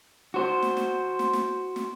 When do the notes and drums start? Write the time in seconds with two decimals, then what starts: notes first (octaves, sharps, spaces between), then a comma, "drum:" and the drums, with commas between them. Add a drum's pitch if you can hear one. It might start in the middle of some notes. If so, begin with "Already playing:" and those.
0.34 F#4 C5
0.62 drum: snare
0.77 drum: snare
1.19 drum: snare
1.33 drum: snare
1.76 drum: snare